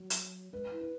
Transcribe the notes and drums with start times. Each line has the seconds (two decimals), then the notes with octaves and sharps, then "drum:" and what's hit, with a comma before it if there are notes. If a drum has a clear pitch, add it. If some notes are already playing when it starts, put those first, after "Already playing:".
Already playing: F#3
0.10 drum: hi-hat
0.52 G#3 B4
0.72 E4
0.81 B4